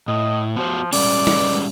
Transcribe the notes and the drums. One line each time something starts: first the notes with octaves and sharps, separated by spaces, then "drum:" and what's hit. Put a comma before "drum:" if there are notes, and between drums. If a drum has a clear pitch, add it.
A2 D#5
F3 B3 F#4 C5
G3 G#3 C#4 D5, drum: open hi-hat
drum: tom G3